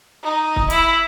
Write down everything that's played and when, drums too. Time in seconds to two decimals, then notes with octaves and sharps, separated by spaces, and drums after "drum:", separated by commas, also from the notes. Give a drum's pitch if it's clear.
0.24 D#4
0.56 drum: kick
0.70 E4, drum: hi-hat